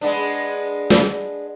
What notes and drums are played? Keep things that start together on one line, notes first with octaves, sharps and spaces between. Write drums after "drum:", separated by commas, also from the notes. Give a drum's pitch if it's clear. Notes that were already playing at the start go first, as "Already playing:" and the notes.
G#3 B3 D4
drum: snare